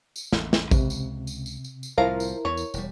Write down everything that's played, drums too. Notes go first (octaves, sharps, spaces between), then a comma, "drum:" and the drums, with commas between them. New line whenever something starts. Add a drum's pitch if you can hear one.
drum: tambourine
A1 E2, drum: snare
drum: snare
C#2 C3, drum: kick A1, tambourine
drum: tambourine
drum: tambourine
drum: tambourine
drum: tambourine
drum: tambourine
C2 A2 F3 E4 A#4 F5 A#5
drum: tambourine
E2 E3 C#5
drum: tambourine
E1 G3, drum: tambourine